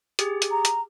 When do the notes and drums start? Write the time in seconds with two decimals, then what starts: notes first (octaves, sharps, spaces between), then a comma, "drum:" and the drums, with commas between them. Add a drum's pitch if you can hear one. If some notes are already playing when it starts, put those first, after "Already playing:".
0.19 G4 G#4, drum: hi-hat
0.42 drum: hi-hat
0.51 A#5
0.65 drum: hi-hat